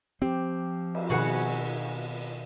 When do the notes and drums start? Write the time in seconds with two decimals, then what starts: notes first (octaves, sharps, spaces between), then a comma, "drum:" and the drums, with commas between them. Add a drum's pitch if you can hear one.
0.22 F3 C4 G4
0.95 drum: cymbal
1.10 B2 D#3 F#4 G#4 B4 F#5